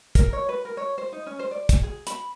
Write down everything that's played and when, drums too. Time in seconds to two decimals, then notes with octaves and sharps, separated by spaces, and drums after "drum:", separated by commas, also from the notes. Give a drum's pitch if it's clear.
0.15 A#4, drum: kick, hi-hat
0.33 C#5
0.49 B4
0.65 A#4
0.77 C#5
0.98 C5
1.13 D#4
1.26 C#4
1.39 C5
1.51 D5
1.69 drum: kick, hi-hat
1.83 G#4
2.07 B5, drum: hi-hat